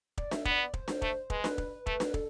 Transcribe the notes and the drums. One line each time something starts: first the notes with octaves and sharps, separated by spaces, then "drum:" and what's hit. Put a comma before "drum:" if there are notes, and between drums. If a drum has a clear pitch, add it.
D5, drum: kick
E5, drum: snare D4
B3 D5, drum: kick
C5, drum: kick
drum: snare D4
A3, drum: kick
G#3 B4, drum: kick
B4, drum: snare D4
drum: kick
A3, drum: kick
drum: snare D4
A4, drum: kick